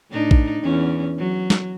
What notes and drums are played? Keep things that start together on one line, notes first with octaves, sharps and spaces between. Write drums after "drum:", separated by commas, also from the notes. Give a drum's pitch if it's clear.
A2 D4 D#4
drum: kick A#1
E2 C#4
F#3
drum: snare